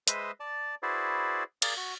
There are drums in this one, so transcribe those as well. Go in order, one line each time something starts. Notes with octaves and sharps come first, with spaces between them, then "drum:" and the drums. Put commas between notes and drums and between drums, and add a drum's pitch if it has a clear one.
G#3 B4 C5 D#5 E5 D#6, drum: hi-hat
D5 A5
E4 F#4 G#4 B4 C5 D5
G#4 A#4 D5 F5 F6, drum: cymbal
F#4